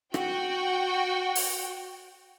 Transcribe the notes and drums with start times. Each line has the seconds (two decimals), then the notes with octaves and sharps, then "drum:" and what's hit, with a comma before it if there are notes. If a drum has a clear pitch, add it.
0.14 F#4 G5, drum: rim click
1.36 drum: open hi-hat